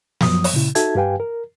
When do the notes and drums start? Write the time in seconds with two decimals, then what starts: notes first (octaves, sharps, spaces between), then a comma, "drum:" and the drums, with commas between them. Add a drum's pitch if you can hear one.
0.21 F#2 F3 F#3 D#6, drum: snare
0.44 drum: open hi-hat
0.53 A#2 C#3 E4
0.75 D#4 F#4 A4 E5 A5 G#6, drum: hi-hat
0.95 G2 G4 B4 F5 G5 G#5
1.20 A#4